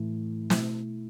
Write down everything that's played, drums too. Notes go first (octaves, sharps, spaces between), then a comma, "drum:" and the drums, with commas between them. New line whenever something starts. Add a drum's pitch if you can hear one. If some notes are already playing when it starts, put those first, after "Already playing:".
Already playing: A2 E3 A3 E4
B2 A3 E4, drum: snare